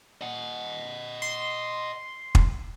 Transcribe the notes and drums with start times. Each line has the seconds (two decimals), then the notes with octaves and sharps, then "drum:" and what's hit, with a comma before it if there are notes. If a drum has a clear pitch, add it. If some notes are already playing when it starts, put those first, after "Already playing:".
0.21 D#5 F#5
1.22 C6
2.35 drum: kick